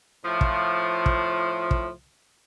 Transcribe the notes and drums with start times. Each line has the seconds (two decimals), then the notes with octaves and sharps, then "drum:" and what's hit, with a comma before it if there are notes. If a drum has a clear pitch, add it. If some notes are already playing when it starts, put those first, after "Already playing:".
0.25 A2 F3
0.41 drum: kick
1.06 drum: kick
1.71 drum: kick